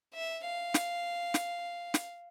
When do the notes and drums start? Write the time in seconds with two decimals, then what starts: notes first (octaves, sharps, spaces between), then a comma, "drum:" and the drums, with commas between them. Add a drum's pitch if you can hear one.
0.14 E5
0.45 F5
0.74 drum: snare
1.34 drum: snare
1.94 drum: snare